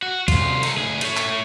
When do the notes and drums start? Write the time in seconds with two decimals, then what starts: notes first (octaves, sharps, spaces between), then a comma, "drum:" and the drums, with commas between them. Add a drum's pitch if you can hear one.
0.02 F#4
0.28 C2 F4, drum: kick, cymbal
0.63 D#4 A4, drum: cymbal
0.77 D2 G#4
1.01 A3 C#5, drum: cymbal
1.17 drum: clap